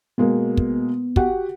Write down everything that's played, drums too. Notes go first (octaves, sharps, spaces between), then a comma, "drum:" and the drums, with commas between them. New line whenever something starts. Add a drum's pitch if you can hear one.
B2 G#3 A#3 B3
drum: kick
F#4 G4 F#5, drum: kick